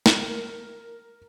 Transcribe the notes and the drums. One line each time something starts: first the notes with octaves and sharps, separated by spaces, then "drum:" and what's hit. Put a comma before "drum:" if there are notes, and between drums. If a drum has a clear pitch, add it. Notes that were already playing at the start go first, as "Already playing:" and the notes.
A#4, drum: snare